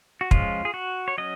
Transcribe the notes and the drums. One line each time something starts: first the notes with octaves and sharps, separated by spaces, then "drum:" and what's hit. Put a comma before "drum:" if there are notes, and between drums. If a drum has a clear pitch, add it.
F#4
F3 G#3 C#4 F4, drum: kick
G#4
F#4
C#5
F#3 C#4 D#5